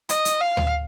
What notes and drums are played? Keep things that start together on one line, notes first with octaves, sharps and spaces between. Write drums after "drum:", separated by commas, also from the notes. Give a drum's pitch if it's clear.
D#5, drum: hi-hat
drum: hi-hat
F5
drum: tom D2